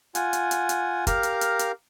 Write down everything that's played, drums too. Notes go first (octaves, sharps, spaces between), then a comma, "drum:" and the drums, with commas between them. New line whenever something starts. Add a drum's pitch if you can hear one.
F4 F#5 G#5, drum: hi-hat
drum: hi-hat
drum: hi-hat
drum: hi-hat
G4 A#4 F5 A#5, drum: kick, hi-hat
drum: hi-hat
drum: hi-hat
drum: hi-hat